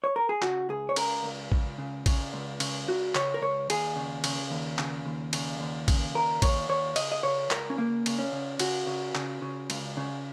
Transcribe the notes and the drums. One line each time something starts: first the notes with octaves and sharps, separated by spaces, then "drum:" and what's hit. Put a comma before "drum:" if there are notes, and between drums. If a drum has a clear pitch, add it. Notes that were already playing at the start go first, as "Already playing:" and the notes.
C#5
A#4
G#4
C#3 F#4, drum: clap
C#2 G#4
C#5
C#3 A#4, drum: cymbal
C#2
C#2, drum: kick A1
C#3
C#3, drum: kick A1, cymbal
C#2
C#3, drum: cymbal
C#2 F#4
C#3 C#5, drum: clap
A#4
C#2 C#5
D#2 G#4, drum: cymbal
C#3
C#3, drum: cymbal
D#2
C#3, drum: clap
D#2
C#3, drum: cymbal
D#2
C#3, drum: kick A1, cymbal
D#2 A#4
D#2 C#5, drum: kick A1, cymbal
D#2 C#5
C#3 D#5, drum: cymbal
D#5
C#3 C#5
C#2 A#4, drum: clap
C#4
C#3 A#3
C#3, drum: cymbal
C#4
C#3
C#3 F#4, drum: cymbal
C#3
C#3, drum: clap
C#3
C#2, drum: cymbal
C#3